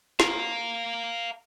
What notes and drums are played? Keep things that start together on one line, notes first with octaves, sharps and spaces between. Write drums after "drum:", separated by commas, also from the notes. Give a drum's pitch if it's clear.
F5 A#5, drum: snare